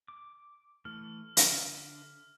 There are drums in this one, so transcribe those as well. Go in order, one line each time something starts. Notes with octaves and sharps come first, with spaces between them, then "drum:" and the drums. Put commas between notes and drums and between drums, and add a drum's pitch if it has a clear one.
D6
E3 A3 F6
D3 D4 E5, drum: hi-hat